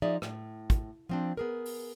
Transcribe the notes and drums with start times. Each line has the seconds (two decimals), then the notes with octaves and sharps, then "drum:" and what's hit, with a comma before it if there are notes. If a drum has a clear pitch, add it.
0.02 F3 D#4 G#4 D5 E5
0.22 A2, drum: rim click
0.70 drum: kick, hi-hat
1.09 F3 C4 D4
1.37 B3 G#4 A#4
1.66 drum: open hi-hat